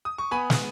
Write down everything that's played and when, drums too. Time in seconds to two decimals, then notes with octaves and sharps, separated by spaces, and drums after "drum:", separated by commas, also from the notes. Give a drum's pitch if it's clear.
0.05 D#6
0.18 C#6
0.31 B3 G#5 B5
0.50 drum: snare